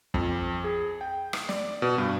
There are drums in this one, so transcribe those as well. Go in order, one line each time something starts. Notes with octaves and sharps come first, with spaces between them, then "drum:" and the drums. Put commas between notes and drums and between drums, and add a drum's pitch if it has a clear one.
F2, drum: kick
G#4
G5
drum: rim click
D5, drum: snare
B2
G2